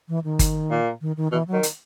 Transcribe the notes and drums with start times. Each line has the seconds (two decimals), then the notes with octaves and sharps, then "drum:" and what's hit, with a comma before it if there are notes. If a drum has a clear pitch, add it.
0.09 E3
0.24 D#3
0.39 drum: kick G1, hi-hat
0.71 A#2
1.01 D#3
1.17 D#3
1.32 B2 E3
1.48 F#3
1.53 D#3
1.63 drum: hi-hat